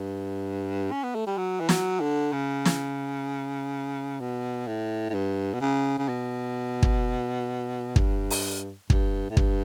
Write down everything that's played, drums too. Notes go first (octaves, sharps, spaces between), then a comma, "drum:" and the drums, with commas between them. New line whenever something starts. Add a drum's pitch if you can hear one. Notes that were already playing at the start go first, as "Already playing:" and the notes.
Already playing: G2
C#4
B3
A3
G3
F#3
E3
F#3, drum: snare
D3
C#3
drum: snare
B2
A2
A2
G2
B2
C#3
C#3
B2
drum: kick
G2, drum: kick
drum: open hi-hat
G2, drum: kick
A2
G2, drum: kick